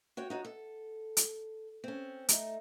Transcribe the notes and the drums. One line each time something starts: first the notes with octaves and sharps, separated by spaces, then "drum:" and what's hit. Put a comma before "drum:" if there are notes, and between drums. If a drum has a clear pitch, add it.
F#4 C#5 G5
D#4 F#4 C#5
A4
drum: hi-hat
C4 C#4
A3 D#4, drum: hi-hat